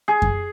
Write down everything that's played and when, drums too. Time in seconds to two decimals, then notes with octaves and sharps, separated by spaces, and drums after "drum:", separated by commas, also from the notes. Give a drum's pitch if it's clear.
0.08 G#4
0.22 drum: kick F#2